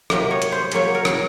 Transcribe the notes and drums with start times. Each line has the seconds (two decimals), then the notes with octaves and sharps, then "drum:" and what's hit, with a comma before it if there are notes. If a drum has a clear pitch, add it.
0.10 C3 F#3 A#3 D#5, drum: rim click
0.31 C#5
0.42 drum: hi-hat
0.52 C5
0.72 C#3 F#3 A#3 C#5, drum: hi-hat
0.95 A#4
1.05 drum: rim click